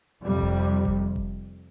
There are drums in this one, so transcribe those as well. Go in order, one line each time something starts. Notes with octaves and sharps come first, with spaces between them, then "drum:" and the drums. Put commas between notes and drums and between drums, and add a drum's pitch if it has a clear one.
F2 C3 G3
drum: kick F1
drum: kick F1
drum: kick F1